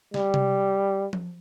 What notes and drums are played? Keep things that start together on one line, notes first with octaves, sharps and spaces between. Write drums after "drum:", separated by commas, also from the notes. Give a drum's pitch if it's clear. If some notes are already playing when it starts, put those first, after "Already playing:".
G3, drum: snare
drum: tom C3
drum: tom F3